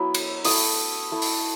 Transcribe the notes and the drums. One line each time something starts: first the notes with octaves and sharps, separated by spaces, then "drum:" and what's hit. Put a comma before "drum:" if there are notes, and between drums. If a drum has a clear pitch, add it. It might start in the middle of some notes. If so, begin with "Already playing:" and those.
Already playing: F#3 B3 E4
drum: cymbal
A3 E4 D#6, drum: open hi-hat
A3 E4
drum: open hi-hat